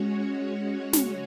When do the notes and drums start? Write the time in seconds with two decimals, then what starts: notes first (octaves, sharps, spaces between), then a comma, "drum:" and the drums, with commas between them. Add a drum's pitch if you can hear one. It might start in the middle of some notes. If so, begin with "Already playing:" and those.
Already playing: G#3 C#4 F#4 C#5
0.93 C#3 G#3 C#4 F#4 C#5, drum: snare